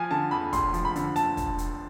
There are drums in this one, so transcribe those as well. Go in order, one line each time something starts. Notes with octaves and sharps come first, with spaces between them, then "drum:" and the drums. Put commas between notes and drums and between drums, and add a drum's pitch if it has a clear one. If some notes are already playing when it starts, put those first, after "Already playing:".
Already playing: F3 G#5
D3 A5
F2 B5
F1 C6, drum: kick, hi-hat
F3, drum: hi-hat
B5
D3, drum: hi-hat
A5, drum: hi-hat
drum: kick, hi-hat
drum: hi-hat